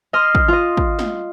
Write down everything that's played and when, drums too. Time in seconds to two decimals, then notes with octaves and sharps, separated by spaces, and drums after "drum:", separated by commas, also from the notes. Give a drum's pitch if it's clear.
0.13 D#5 C6 F6
0.35 drum: kick
0.48 F4 D#5
0.77 drum: kick
0.99 drum: snare